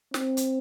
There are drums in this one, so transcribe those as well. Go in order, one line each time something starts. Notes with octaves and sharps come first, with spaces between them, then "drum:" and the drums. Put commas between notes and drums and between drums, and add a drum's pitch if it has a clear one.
C4, drum: snare
drum: hi-hat